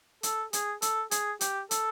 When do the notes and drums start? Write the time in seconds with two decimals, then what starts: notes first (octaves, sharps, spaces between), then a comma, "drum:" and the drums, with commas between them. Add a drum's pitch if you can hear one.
0.23 A4, drum: hi-hat
0.53 G#4, drum: hi-hat
0.82 A4, drum: hi-hat
1.11 G#4, drum: hi-hat
1.41 G4, drum: hi-hat
1.71 A4, drum: hi-hat